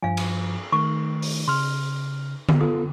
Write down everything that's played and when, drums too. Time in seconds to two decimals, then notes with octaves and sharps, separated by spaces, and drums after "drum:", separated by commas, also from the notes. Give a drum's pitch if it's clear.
0.03 G2 F3 F5 G#5
0.17 drum: cymbal
0.72 D#3 A3 C#6
1.22 drum: open hi-hat
1.48 C#3 C6 F6
2.49 drum: tom D3
2.61 B3 F4 A4 D#6